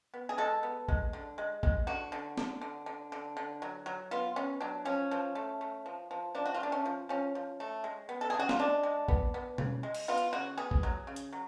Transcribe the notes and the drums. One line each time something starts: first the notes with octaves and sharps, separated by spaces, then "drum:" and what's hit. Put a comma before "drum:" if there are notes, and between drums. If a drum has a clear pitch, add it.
B3
G#4
G#3 A4
B3
G#3, drum: kick
D3
G#3
G#3, drum: kick
D3 F#4
D3
D3, drum: snare
D3
D3
D3
D3
F#3
F#3
B3 F4
B3 C#4
F#3 D4
F3 C#4
F3
A3
A3
F3
F3
F3 D4
F#4
F4
A3 D4
C#4
F3
F3 C#4
F3
A3
G#3
B3
A4
C#3 G#4
F#4
F4, drum: snare
G#3 D4
G#3
B3, drum: kick
B3
C#3, drum: tom B2
G#3
drum: cymbal
B3 F4
drum: hi-hat
C#3 F#4
B3 G#4
drum: kick
F#3
C#3
drum: hi-hat
F#3